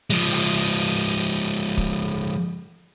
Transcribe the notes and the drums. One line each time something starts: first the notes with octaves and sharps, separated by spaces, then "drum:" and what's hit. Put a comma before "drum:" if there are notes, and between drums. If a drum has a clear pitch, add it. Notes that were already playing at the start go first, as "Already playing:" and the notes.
F3 G#3
drum: open hi-hat
drum: hi-hat
drum: kick C#1